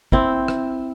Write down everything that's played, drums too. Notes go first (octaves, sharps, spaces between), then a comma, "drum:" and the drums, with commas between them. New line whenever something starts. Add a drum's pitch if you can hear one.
C4 E4, drum: kick
drum: rim click